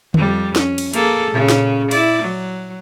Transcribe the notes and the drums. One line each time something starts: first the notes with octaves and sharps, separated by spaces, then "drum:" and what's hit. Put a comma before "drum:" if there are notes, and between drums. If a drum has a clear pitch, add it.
F2 G3, drum: tom D3
C#4, drum: snare
drum: cymbal
A#3 G#4 A4, drum: hi-hat
A#2 C#3 C#4
drum: snare
E4 D5, drum: cymbal
F#3